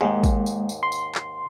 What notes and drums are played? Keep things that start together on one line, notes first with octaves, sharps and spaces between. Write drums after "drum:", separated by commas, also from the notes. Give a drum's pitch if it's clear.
D#2 G#2 G#3 A#3 G#4
drum: kick, tambourine
drum: tambourine
drum: tambourine
C6
drum: tambourine
drum: clap